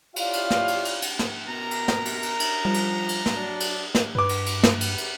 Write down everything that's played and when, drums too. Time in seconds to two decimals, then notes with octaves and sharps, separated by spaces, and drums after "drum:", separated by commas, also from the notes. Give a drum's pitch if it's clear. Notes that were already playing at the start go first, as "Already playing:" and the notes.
0.16 E4 F4 G4 C#5 D5 F5, drum: cymbal
0.33 drum: cymbal
0.50 drum: snare
0.68 drum: cymbal
0.85 drum: cymbal
1.02 drum: cymbal
1.19 drum: snare
1.48 B2 A#4 A#5
1.71 drum: cymbal
1.88 drum: snare
2.05 drum: cymbal
2.23 drum: cymbal
2.40 drum: cymbal
2.65 F3 G3
2.74 drum: cymbal
3.09 drum: cymbal
3.26 drum: snare
3.36 F#3 D4
3.60 drum: cymbal
3.95 drum: snare
4.15 G2 B4 D6
4.29 drum: cymbal
4.46 drum: cymbal
4.63 drum: snare
4.81 drum: cymbal
4.98 drum: cymbal